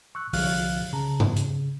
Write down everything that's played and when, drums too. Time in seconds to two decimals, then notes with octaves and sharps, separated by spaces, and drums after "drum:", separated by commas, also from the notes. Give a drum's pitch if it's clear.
0.15 C#6 E6 F#6
0.33 C2 D3 F3 F5 F6 F#6, drum: open hi-hat
0.93 C#3 A5 A#5
1.20 drum: tom G#2
1.36 C#3, drum: hi-hat